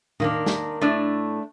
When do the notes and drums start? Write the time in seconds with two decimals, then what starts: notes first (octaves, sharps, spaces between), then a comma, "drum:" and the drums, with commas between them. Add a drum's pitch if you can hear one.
0.20 D#3 A#3 D4, drum: tom A2
0.46 drum: snare
0.81 A2 A3 D4